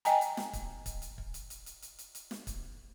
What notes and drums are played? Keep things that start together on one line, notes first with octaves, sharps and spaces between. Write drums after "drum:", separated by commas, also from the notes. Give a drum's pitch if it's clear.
D#5 G5 G#5 A#5, drum: hi-hat
drum: hi-hat
drum: snare
drum: kick, hi-hat
drum: kick, hi-hat
drum: hi-hat
drum: kick
drum: hi-hat
drum: hi-hat
drum: hi-hat
drum: hi-hat
drum: hi-hat
drum: hi-hat
drum: snare
drum: kick, hi-hat